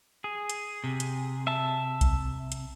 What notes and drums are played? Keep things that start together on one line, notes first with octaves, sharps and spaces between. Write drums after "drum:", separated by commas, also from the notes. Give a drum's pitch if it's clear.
G#4
drum: hi-hat
C3
drum: hi-hat
E5 A5
drum: kick B1, hi-hat
drum: hi-hat